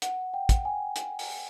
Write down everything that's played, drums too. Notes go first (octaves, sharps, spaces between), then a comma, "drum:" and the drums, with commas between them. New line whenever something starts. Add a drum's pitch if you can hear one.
F#5, drum: hi-hat
G5
drum: kick, hi-hat
G#5
drum: hi-hat
drum: open hi-hat